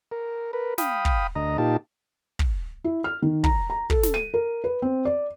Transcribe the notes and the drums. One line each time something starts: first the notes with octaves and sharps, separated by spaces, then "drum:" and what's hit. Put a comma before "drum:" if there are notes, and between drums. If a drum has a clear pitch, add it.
A#4
A#4 B4
F5 G5 B5 D#6, drum: snare
drum: kick
D2 D#5 A#5
A#2 D#4 F4 G4 A5
drum: kick
E4
F6
D#3
A#5, drum: kick
A#5
A4, drum: kick
drum: snare
D#7
A#4
B4
C4
D5